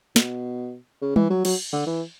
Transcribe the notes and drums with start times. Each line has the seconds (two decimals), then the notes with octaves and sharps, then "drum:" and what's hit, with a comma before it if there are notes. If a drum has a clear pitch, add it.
0.16 B2, drum: snare
1.02 C#3
1.16 E3, drum: tom G3
1.30 F#3
1.45 F#3, drum: cymbal
1.73 D3
1.87 E3